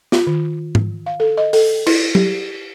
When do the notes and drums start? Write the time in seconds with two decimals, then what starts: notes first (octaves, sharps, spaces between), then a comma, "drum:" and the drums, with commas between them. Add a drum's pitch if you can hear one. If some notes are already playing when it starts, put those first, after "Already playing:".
0.12 F4, drum: snare
0.27 D#3
0.75 drum: tom G#2
1.06 F5
1.20 A4
1.37 D#5
1.53 A4, drum: open hi-hat
1.87 E4, drum: cymbal
2.15 G4, drum: tom